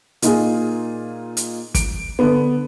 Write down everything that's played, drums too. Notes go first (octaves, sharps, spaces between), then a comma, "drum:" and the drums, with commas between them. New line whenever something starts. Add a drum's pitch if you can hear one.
A#2 D#4 F4 G#4, drum: hi-hat
drum: hi-hat
D7, drum: kick, hi-hat
D3 B3